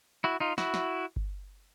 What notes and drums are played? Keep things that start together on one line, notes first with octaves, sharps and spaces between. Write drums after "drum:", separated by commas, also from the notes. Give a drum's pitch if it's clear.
E4 F#4
D#4 F4
E4 F#4, drum: snare
drum: snare
drum: kick G1